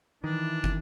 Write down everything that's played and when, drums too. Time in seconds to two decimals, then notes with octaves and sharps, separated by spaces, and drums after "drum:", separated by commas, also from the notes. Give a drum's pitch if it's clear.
0.24 D#3 E3 D4
0.64 drum: kick